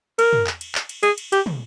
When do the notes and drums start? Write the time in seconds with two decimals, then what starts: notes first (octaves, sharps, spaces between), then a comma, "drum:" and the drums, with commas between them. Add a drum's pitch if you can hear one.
0.19 A#4, drum: cymbal
0.33 drum: tom
0.47 drum: clap
0.61 drum: cymbal
0.75 drum: clap
0.89 drum: cymbal
1.03 G#4, drum: cymbal
1.18 drum: cymbal
1.32 G4, drum: cymbal
1.46 drum: tom